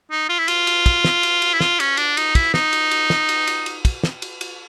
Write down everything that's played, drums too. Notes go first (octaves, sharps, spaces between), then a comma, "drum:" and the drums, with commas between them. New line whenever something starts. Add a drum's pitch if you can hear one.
D#4
F4
E4
F4, drum: cymbal
drum: cymbal
drum: kick, cymbal
drum: snare
drum: cymbal
drum: cymbal
E4
F4, drum: snare
C#4, drum: cymbal
D4, drum: cymbal
D#4, drum: cymbal
E4, drum: kick, cymbal
D#4, drum: snare
drum: cymbal
drum: cymbal
drum: snare
drum: cymbal
drum: cymbal
drum: cymbal
drum: kick, cymbal
drum: snare
drum: cymbal
drum: cymbal